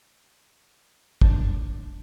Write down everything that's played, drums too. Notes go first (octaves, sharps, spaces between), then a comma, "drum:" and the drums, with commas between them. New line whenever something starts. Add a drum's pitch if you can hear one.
D4, drum: kick